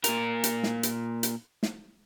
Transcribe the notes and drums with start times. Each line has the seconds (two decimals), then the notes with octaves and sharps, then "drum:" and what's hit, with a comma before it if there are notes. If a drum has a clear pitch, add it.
0.04 A#2 A#4, drum: hi-hat
0.44 drum: hi-hat
0.63 drum: snare
0.83 drum: hi-hat
1.23 drum: hi-hat
1.63 drum: snare